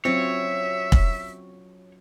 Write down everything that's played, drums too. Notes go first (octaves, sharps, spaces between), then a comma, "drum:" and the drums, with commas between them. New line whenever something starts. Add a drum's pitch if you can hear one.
F#3 C4 C#4 F4 C#5 E5
drum: kick